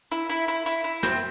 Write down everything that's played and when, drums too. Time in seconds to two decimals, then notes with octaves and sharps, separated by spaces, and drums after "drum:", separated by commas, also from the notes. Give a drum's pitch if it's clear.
0.12 E4
0.30 E4
0.48 E4
0.66 E4, drum: tambourine
0.84 E4
1.03 C4, drum: snare